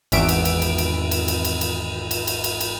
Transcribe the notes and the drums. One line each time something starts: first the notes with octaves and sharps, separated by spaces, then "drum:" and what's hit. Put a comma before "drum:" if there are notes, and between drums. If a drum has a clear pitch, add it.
G#1 E2 B3 E5 D7, drum: cymbal
drum: cymbal
drum: cymbal
drum: cymbal
drum: cymbal
drum: cymbal
drum: cymbal
drum: cymbal
drum: cymbal
drum: cymbal
drum: cymbal
drum: cymbal
drum: cymbal